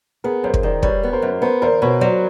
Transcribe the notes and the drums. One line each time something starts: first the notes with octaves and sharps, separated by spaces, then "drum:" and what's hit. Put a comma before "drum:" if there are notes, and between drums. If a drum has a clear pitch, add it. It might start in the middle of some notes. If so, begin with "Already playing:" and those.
B3 G#4 A#4
F#2 A#4 C5
drum: kick
D#3 C5 D5
G3 B4 C#5, drum: kick
B3
A#4 C5
F#2
B3 A#4 C5
E2 A#4 C5
B2 B4 C#5
F#3 C5 D5